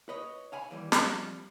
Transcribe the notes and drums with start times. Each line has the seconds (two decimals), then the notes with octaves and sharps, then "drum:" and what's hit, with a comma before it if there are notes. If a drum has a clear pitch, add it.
0.09 B4 C#5 D#5
0.52 C#5 F5 G#5 B5
0.71 D#2 E3 G3
0.92 F3 G3 C4, drum: snare